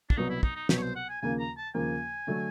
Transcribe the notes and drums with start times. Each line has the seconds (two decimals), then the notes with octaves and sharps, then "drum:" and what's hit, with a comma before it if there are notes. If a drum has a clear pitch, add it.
0.10 D4, drum: kick
0.17 C2 B2 F#3 B3 D#4
0.30 E4
0.43 D#4, drum: kick
0.56 D#4
0.69 C2 B2 F#3 B3 G4, drum: snare
0.78 C#5
0.82 C5
0.96 F#5
1.10 G#5
1.22 D#2 C#3 F3 A#3 G#5
1.40 A#5
1.57 A5
1.75 D#2 C#3 F3 A#3 G#5
2.27 D3 F#3 A3 D4